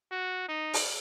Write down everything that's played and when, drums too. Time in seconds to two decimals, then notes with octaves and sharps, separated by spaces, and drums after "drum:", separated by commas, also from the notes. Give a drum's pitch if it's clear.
0.11 F#4
0.48 D#4
0.74 drum: open hi-hat